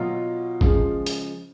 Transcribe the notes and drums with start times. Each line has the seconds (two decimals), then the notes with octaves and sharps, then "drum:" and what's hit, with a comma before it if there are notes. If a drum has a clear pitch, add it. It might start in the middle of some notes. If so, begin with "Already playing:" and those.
Already playing: B2 F#3 F4
0.61 C#3 F3 G#3, drum: kick
1.06 drum: hi-hat